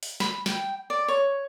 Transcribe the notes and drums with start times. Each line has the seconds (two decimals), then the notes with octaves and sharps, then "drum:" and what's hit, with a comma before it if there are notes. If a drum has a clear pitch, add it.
0.03 drum: open hi-hat
0.20 B5, drum: snare
0.46 G5, drum: snare
0.90 D5
1.08 C#5